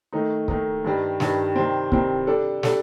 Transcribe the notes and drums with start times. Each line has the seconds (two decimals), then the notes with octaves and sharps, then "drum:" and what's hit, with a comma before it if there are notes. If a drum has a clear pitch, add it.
0.13 D#3 A3 D#4
0.48 D#3 A3 D#4, drum: kick
0.84 G2 D#3 G3
1.20 G2 D#3 G3, drum: snare
1.56 C3 D#3 G3 C4
1.92 C3 D#3 G3 C4, drum: kick
2.27 G3 D4 A4
2.63 G3 D4 A4, drum: snare